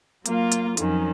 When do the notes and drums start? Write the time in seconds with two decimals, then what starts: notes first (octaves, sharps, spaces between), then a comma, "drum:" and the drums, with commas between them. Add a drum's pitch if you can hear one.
0.26 F#3 A#3 F4, drum: hi-hat
0.52 drum: hi-hat
0.77 F2 D#3 F#3 C#4, drum: hi-hat